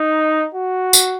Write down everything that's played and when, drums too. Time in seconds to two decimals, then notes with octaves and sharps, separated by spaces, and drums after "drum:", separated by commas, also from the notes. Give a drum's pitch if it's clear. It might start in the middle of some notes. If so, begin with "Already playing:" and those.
Already playing: D#4
0.55 F#4
0.93 drum: tambourine